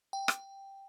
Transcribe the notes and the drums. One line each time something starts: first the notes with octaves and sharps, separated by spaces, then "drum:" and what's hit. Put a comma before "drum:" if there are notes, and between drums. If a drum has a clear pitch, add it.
G5
drum: rim click